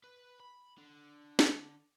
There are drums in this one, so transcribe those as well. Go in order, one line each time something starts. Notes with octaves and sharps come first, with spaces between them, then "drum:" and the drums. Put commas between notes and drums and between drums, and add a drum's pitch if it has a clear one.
B4
B5
D3
drum: snare